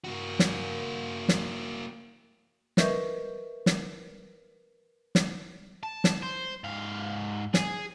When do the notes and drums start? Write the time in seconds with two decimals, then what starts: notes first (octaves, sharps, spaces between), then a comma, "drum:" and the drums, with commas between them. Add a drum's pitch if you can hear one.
0.04 A#3 F#4
0.39 drum: snare
1.29 drum: snare
2.77 A#4 B4 D#5 E5 C#6 G6, drum: snare
3.66 drum: snare
5.15 drum: snare
5.83 A5
6.04 drum: snare
6.23 C5
6.64 G#2 F5
7.54 G#4, drum: snare